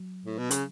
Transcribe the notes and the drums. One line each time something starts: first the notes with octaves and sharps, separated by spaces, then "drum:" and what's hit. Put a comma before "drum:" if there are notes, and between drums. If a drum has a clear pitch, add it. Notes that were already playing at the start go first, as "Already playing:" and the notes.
Already playing: F#3
A2
B2
C#3, drum: hi-hat